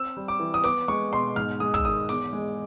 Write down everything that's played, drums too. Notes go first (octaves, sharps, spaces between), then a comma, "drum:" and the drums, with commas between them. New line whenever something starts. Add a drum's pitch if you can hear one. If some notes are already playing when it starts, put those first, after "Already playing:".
Already playing: C4 E6
G3
D6
E3
D#6
B3 D6, drum: open hi-hat
G#3 C#6
B2 C6
G#2 F6, drum: hi-hat
G#3 D#6
E6, drum: kick, hi-hat
D#3 D#6
E2 D6, drum: open hi-hat
G#3